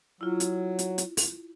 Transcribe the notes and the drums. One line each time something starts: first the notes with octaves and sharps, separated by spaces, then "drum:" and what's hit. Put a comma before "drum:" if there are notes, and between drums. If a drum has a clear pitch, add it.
F#3 E4 F4
drum: hi-hat
drum: hi-hat
drum: hi-hat
drum: open hi-hat